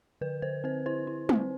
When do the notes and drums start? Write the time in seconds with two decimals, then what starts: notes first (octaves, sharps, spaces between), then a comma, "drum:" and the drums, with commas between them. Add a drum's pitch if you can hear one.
0.21 D3 B4
0.42 D3 C5
0.64 C4 C5
0.86 E4 C5
1.07 E4
1.29 C4, drum: tom